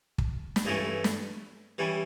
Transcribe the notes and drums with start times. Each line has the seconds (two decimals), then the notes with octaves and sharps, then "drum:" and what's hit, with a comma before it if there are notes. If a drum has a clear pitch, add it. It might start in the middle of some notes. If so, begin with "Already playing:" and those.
0.18 drum: kick
0.56 drum: snare
0.65 G2 E3 A3 C#4
1.04 drum: snare
1.78 E3 G3 C#4